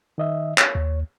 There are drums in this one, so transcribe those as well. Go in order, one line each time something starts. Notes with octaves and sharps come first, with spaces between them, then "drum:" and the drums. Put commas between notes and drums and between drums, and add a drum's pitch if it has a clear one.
D#3 D#5 E5
C#5, drum: clap
D#2